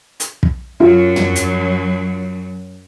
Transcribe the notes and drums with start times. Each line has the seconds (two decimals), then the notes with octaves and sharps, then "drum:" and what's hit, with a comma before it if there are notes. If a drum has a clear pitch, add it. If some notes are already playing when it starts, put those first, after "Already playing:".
0.20 drum: hi-hat
0.43 drum: kick
0.80 F#2 F#3 F4
1.16 drum: tom
1.36 drum: hi-hat